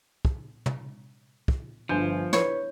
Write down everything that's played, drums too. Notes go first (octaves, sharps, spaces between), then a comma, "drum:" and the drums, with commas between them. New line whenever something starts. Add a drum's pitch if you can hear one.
drum: kick
drum: tom
drum: kick
G1 F3 D4 G#5 G6
E4 B4 C#5 B5, drum: snare